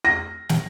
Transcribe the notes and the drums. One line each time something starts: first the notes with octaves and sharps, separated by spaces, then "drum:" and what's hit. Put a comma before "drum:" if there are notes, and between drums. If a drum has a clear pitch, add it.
A#6
drum: snare